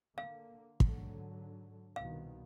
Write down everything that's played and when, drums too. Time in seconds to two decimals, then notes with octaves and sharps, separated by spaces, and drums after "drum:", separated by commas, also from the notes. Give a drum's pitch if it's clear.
0.18 D3 A#3 F5
0.80 G#2 D3 F#3, drum: kick
1.96 C2 B2 D#3 F5